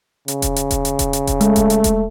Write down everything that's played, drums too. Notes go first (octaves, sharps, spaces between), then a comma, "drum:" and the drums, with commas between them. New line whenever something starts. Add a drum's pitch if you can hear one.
C#3, drum: hi-hat
drum: kick E1, hi-hat
drum: hi-hat
drum: kick E1, hi-hat
drum: hi-hat
drum: kick E1, hi-hat
drum: hi-hat
drum: kick E1, hi-hat
G#3 A3, drum: hi-hat
drum: kick E1, hi-hat
drum: hi-hat
drum: kick E1, hi-hat